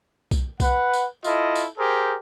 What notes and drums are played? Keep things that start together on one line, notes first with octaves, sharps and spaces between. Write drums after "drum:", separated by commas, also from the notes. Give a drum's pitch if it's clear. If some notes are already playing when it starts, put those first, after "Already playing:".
drum: kick B1, tambourine
B4 F#5, drum: kick B1, tambourine
drum: tambourine
E4 F4 A4 D#5, drum: tambourine
drum: tambourine
G4 G#4 A#4 C5